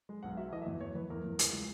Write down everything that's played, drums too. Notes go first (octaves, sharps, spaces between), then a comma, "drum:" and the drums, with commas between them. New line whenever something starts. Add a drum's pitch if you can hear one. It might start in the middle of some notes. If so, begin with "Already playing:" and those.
G#3
B1 F#5
F#3 E5
E3 D#5
E5
E2
E2 C#5
E2 B4
E2 A#4
E2
C#2, drum: hi-hat
G#3